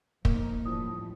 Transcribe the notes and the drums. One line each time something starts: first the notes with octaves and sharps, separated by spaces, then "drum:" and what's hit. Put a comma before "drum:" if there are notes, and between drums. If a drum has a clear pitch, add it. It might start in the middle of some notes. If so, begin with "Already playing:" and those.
F3 A#3 D#4, drum: kick
A2 E3 F3 G3 D4 D#6